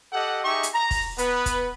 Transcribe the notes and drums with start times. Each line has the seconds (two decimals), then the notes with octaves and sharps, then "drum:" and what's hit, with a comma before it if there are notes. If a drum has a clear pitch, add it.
0.13 G4 A4 D#5 F#5
0.45 D#4 G4 G#4 E5 C#6
0.63 drum: hi-hat
0.74 A#5
0.91 drum: kick, open hi-hat
1.18 B3 B4, drum: hi-hat
1.46 drum: kick, hi-hat